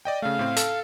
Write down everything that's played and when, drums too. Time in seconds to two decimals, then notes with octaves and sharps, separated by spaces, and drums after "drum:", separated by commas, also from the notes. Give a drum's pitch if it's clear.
0.05 D5 D#5 G5
0.22 C#3 A3 F5
0.39 A2 C4
0.56 A4, drum: hi-hat